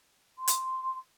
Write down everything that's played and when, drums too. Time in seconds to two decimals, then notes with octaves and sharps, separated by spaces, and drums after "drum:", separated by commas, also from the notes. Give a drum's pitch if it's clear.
0.38 C6
0.48 drum: hi-hat